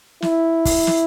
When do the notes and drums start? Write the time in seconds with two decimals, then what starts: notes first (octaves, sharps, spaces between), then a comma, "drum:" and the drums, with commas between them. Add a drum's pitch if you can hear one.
0.22 E4, drum: snare
0.65 drum: kick, open hi-hat
0.87 drum: snare